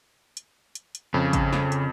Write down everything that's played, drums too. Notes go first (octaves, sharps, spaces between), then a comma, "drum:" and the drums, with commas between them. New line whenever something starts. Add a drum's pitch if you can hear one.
drum: hi-hat
drum: hi-hat
drum: hi-hat
F2 C#3
drum: kick G#1, hi-hat
drum: snare
drum: hi-hat